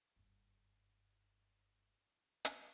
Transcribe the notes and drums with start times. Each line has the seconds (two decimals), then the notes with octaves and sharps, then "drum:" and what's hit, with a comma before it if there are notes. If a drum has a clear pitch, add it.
0.16 F#1 G2
2.45 drum: hi-hat